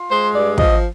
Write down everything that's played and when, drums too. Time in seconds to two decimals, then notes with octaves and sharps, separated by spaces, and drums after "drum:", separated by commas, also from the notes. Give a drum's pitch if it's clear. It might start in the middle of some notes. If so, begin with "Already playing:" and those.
Already playing: F4
0.10 G#3 C5
0.34 G2 D5
0.58 F3 D#5, drum: kick